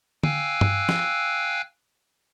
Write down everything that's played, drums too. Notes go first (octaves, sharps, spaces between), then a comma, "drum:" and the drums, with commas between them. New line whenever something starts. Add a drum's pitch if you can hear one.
F5 G5 G#5 E6 F#6, drum: tom
drum: tom G2
drum: snare